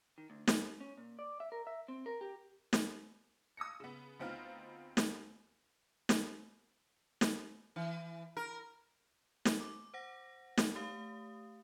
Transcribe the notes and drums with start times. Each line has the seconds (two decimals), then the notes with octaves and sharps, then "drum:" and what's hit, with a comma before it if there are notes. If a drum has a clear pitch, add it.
0.18 D#3
0.30 D2
0.47 G#2, drum: snare
0.80 C#4
0.97 A#2
1.19 D5
1.40 E5
1.52 A#4
1.67 E5
1.88 C4
2.06 A#4
2.21 G4
2.73 drum: snare
3.57 D#6 E6 A#6 C#7
3.80 C#3 B3
4.20 D2 B3 C4 D#4 F4 F6
4.97 drum: snare
6.09 drum: snare
7.21 drum: snare
7.76 E3
8.37 A#4
9.45 drum: snare
9.61 D6
9.94 C5 F#5 A#6
10.57 drum: snare
10.75 A3 G4 F5 D#6